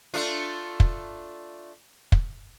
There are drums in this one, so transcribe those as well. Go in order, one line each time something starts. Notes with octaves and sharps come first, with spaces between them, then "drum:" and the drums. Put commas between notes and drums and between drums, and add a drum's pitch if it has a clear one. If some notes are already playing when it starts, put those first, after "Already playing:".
A3 D4 F4
drum: kick
drum: kick